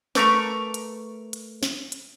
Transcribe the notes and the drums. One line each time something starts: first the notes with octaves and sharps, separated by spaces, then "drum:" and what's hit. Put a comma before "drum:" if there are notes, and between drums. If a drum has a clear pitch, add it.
A3 A#4 B4 A#5 C#6 D6, drum: snare
drum: hi-hat
drum: hi-hat
drum: snare
drum: hi-hat